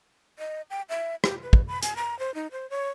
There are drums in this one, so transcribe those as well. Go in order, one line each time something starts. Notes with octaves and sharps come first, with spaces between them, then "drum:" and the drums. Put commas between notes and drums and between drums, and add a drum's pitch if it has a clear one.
D#5
G5
E5
G4, drum: rim click
B4
drum: kick
B5
G#5, drum: hi-hat
A#5
C5
D#4
C5
C#5